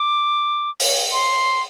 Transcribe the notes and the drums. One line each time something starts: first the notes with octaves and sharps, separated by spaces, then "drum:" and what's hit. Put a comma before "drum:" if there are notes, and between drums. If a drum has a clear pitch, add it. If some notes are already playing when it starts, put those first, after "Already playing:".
Already playing: D6
drum: open hi-hat
C6